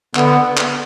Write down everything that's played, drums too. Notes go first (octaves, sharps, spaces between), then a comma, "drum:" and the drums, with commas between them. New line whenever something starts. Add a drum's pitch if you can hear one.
D3 B3, drum: clap
drum: clap